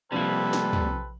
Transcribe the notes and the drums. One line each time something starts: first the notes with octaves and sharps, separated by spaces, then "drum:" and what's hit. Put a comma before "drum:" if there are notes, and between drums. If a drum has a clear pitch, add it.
C3 F3 G3 A#3 C4 A4 B4 F#7
drum: snare
drum: tom